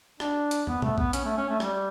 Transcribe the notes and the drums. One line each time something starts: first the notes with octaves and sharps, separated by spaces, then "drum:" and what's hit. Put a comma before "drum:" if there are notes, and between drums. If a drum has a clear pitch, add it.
D4, drum: rim click
drum: hi-hat
B3, drum: tom
A3, drum: tom B2
B3, drum: kick
C#4, drum: hi-hat
A3
C#4
A3
G3, drum: rim click